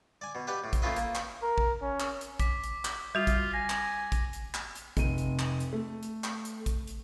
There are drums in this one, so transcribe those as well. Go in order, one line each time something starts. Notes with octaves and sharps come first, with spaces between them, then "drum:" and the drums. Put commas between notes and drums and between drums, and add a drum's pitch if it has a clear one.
D5 G#5
B2
G4 B4 D5 F#5
A2
drum: kick A1, hi-hat
A3 A#3 C#4 F4 B4 D#5
A#3, drum: hi-hat
drum: clap
A#4
drum: kick A1
C#4
drum: clap
drum: hi-hat
D6 B6, drum: kick A1, hi-hat
drum: hi-hat
drum: clap
G3 F4 F#4
drum: kick A1, hi-hat
G#5 A#6
drum: clap
drum: kick A1, hi-hat
drum: hi-hat
drum: clap
drum: hi-hat
F1 D#7, drum: kick A1, hi-hat
drum: hi-hat
drum: clap
drum: hi-hat
A3
drum: hi-hat
drum: clap
drum: hi-hat
drum: kick A1, hi-hat
drum: hi-hat